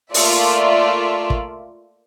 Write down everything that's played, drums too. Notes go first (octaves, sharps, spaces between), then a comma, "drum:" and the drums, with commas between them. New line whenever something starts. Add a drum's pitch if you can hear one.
A3 A#3 F4 D5 E5, drum: open hi-hat
drum: kick